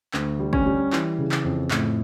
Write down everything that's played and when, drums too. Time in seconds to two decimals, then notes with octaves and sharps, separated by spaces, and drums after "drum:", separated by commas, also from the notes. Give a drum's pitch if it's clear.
0.14 D2, drum: clap
0.39 G3
0.53 C#4, drum: kick
0.66 G3
0.93 E3, drum: clap
1.18 C#3
1.32 drum: clap
1.44 F2
1.71 A2, drum: clap